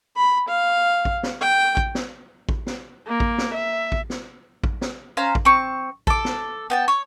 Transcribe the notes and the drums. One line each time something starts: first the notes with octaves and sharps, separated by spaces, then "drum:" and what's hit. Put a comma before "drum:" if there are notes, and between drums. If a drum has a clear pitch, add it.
B5
F5
drum: kick A1
drum: snare
G5
drum: kick A1
drum: snare
drum: kick A1
drum: snare
A#3
drum: kick A1
drum: snare
E5
drum: kick A1
drum: snare
drum: kick A1
drum: snare
C#4 C5 F5 A#5
drum: kick A1
C4 C#6
A4 D6, drum: kick A1
drum: snare
B3 G5 A5
C#5